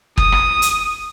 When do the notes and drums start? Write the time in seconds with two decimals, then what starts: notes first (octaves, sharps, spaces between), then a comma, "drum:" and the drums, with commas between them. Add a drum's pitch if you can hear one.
0.18 D#6, drum: kick
0.32 drum: rim click
0.62 drum: hi-hat